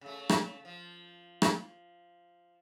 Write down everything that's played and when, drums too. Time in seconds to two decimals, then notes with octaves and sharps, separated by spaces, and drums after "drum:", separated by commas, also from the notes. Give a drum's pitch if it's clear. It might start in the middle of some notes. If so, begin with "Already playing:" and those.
0.01 C#3 A3
0.29 drum: rim click
0.65 F3
1.42 drum: rim click